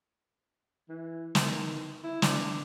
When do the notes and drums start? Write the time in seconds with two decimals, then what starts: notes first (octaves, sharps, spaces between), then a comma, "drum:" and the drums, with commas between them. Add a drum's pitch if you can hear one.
0.89 E3
1.35 D#3, drum: snare
2.04 E4
2.22 D4, drum: snare